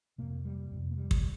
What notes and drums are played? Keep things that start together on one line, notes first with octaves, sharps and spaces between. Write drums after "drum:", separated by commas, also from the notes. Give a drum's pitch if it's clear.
F2 C3 A#3
G3
F2 C3
A#3
G3
drum: kick